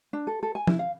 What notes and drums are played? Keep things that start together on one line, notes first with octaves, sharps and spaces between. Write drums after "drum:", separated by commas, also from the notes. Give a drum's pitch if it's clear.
D4
A4
A4
G#5
E4, drum: tom
F5